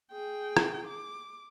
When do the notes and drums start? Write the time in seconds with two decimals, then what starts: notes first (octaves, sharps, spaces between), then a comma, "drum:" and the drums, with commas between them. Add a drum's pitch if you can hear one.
0.11 G#4 G5
0.57 drum: rim click
0.87 D6